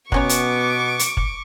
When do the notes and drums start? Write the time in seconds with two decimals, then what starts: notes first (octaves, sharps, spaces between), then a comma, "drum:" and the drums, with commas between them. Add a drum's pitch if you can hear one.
0.12 B2 F#3 B3 C#4 C#5 C#6 D6, drum: kick
0.29 drum: hi-hat
0.99 drum: hi-hat
1.17 drum: kick